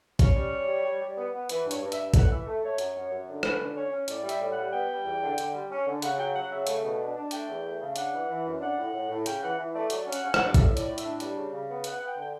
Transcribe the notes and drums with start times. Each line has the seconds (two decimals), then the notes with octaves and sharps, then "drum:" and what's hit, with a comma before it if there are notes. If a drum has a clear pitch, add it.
0.19 C#4 C#5, drum: kick A#1, hi-hat
0.35 G3
0.52 G3
0.69 G3
0.85 G3
1.01 G3
1.17 B3
1.33 B3
1.49 E3 B4, drum: hi-hat
1.65 G2
1.71 C#5, drum: hi-hat
1.81 G2
1.92 E5, drum: hi-hat
1.97 G2
2.14 A2 F#5, drum: kick A#1, hi-hat
2.30 E3 E5
2.46 A3
2.62 A3 C#5
2.78 F#2, drum: hi-hat
2.95 F#2
3.11 F#2
3.28 D3
3.43 C#4 B4, drum: rim click
3.60 D3
3.75 C#4 C#5
3.92 C#4
4.08 A2 D5, drum: hi-hat
4.24 G3
4.29 E5, drum: hi-hat
4.40 A2
4.51 F#5
4.56 G3
4.72 B3 G5
4.89 G3
5.05 E2
5.21 D3
5.38 D3, drum: hi-hat
5.53 G3
5.70 C#4
5.87 D3
6.02 C#3 F#5, drum: hi-hat
6.18 F#3 G5
6.34 F#3 F#5
6.51 C#3 E5
6.67 A3, drum: hi-hat
6.82 B2
7.00 D4
7.16 D4
7.31 A3 G5, drum: hi-hat
7.48 E2
7.64 A3
7.80 C#3
7.96 D4 F#5, drum: hi-hat
8.12 E3
8.29 E3
8.45 F#2
8.60 D4 F#5
8.77 A2
8.93 A2
9.09 A2
9.26 C#3 G5, drum: hi-hat
9.42 E3 F#5
9.58 E3
9.74 A3 D5
9.90 F#3 D5, drum: hi-hat
10.06 C#4
10.12 F#5, drum: hi-hat
10.23 C#4
10.34 F#5, drum: rim click
10.39 G2
10.45 D5
10.54 A2 E5, drum: kick A#1, hi-hat
10.71 A2
10.77 D5, drum: hi-hat
10.88 A2
10.98 E5, drum: hi-hat
11.03 D4
11.20 G3, drum: hi-hat
11.36 C#3
11.52 C#3
11.68 B3
11.84 B3 F#5, drum: hi-hat
11.99 B3 F#5
12.06 G5
12.17 D3 G5